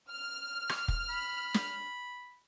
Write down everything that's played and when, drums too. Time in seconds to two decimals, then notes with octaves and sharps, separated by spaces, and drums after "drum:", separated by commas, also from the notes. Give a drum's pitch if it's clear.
0.11 F6
0.69 drum: rim click
0.88 drum: kick
1.09 B5
1.54 drum: snare